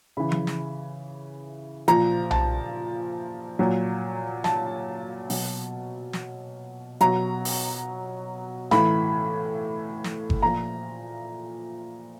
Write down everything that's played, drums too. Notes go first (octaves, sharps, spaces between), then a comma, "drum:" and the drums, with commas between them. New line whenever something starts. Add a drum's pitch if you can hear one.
C#3 E3 B5
drum: tom F3
drum: snare
A#2 F3 A#5, drum: hi-hat
A5, drum: tom B1
A#2 F#3
A5, drum: snare
B2 F#3, drum: open hi-hat
drum: snare
B2 F#3 A#5, drum: hi-hat
drum: open hi-hat
A2 E3 B5, drum: snare
drum: snare
drum: kick G1
A#2 F3 A#5